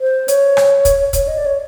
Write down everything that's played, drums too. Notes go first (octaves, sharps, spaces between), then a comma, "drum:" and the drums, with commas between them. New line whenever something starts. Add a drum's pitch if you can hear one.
C5
C#5, drum: hi-hat
drum: rim click
drum: kick, hi-hat
C#5, drum: kick, hi-hat
D#5
D5
C#5